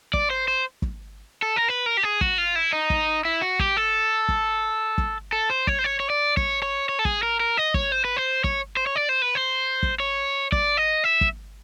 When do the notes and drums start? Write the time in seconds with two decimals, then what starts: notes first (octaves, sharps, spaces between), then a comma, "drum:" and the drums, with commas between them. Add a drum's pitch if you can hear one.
0.14 D5, drum: kick
0.30 C5
0.48 C5
0.82 drum: kick
1.42 A4
1.56 A#4
1.68 B4
1.86 A#4
1.97 G4
2.03 G#4
2.21 F#4, drum: kick
2.38 F4
2.55 E4
2.73 D#4
2.90 drum: kick
3.25 E4
3.42 F#4
3.59 G4, drum: kick
3.77 A4
4.29 drum: kick
4.98 drum: kick
5.33 A4
5.50 C5
5.67 C#5, drum: kick
5.79 C5
5.84 C#5
6.00 C#5
6.10 D5
6.37 C#5, drum: kick
6.62 C#5
6.89 C#5
6.99 A4
7.05 G#4, drum: kick
7.23 A#4
7.40 A#4
7.57 D#5
7.74 C#5, drum: kick
7.92 C5
8.05 B4
8.17 C5
8.44 C#5, drum: kick
8.77 C5
8.86 C#5
8.96 D5
9.09 C5
9.22 B4
9.35 C5
9.83 drum: kick
10.00 C#5
10.52 D5, drum: kick
10.77 D#5
11.04 E5
11.21 drum: kick